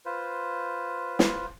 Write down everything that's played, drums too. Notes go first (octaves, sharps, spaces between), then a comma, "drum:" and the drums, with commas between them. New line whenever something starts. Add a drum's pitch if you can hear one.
F4 B4 C5
drum: snare